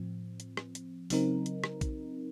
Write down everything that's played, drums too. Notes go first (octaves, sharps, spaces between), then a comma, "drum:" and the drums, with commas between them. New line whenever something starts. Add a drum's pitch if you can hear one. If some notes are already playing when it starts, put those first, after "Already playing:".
Already playing: A2 F3 C4
drum: hi-hat
drum: rim click
drum: hi-hat
C#3 F#3 C4 D#4 A#4, drum: open hi-hat
drum: hi-hat
drum: rim click
drum: kick A#1, hi-hat